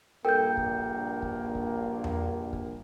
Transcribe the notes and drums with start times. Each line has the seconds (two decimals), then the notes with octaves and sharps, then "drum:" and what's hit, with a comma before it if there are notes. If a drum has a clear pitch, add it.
0.25 A#1 G2 A#3 A4 A#4 G5 G6
0.57 drum: kick
1.22 drum: kick
1.55 drum: kick
2.04 drum: tom E2
2.53 drum: kick